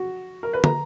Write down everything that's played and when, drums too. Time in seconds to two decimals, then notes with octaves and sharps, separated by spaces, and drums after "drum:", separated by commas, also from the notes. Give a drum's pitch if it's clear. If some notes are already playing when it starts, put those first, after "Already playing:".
Already playing: F#4
0.43 A#4
0.53 B4
0.64 A#5, drum: tom